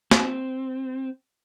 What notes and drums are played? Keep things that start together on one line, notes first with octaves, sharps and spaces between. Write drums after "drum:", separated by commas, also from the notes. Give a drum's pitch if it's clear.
C4, drum: snare